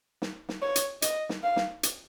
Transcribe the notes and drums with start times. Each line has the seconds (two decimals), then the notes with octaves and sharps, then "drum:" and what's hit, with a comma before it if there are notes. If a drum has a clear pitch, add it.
0.22 drum: snare
0.49 drum: snare
0.62 C#5
0.76 drum: hi-hat
1.02 D#5, drum: hi-hat
1.29 drum: snare
1.43 F5
1.56 drum: snare
1.83 drum: hi-hat